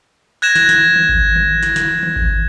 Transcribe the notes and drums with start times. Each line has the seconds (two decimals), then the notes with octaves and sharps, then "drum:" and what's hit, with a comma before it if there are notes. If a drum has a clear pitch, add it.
0.42 F#6 G#6 A#6 E7
0.55 drum: snare
0.69 drum: snare
0.96 drum: tom D#3
1.09 drum: kick G#1
1.36 drum: tom D3
1.63 drum: snare
1.76 drum: snare
2.03 drum: tom D#3
2.16 drum: kick G#1